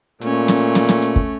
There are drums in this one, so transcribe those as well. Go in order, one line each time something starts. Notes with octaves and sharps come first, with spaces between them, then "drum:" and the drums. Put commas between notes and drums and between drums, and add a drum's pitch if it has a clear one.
A#2 A3 C#4, drum: hi-hat
drum: snare
drum: snare
drum: snare
drum: hi-hat
drum: kick